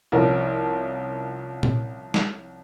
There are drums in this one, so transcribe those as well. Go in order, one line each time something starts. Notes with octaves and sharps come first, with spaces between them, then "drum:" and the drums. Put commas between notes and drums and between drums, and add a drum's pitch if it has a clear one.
C2 F3 C#4 A#4
drum: tom
drum: snare